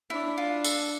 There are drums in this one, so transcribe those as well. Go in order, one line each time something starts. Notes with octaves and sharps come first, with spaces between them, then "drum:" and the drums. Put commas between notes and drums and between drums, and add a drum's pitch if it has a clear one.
D4 E4
F4
A4, drum: tambourine